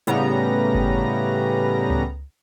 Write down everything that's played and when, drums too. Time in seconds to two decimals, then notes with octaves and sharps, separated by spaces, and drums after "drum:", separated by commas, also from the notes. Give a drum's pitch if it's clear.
0.07 A2 C#3 G3 B3 A#5, drum: hi-hat
0.74 drum: kick G1
1.90 drum: tom C#2